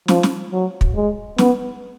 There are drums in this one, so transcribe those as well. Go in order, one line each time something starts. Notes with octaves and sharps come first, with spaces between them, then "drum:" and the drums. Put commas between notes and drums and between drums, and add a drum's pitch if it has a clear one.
F3, drum: snare
drum: snare
F#3
drum: kick
G#3
B3, drum: snare